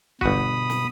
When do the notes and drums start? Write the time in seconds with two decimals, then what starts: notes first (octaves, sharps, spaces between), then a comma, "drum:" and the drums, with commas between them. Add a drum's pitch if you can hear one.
0.21 G1 B2 F#4 B5 D#6, drum: kick C#1
0.70 drum: snare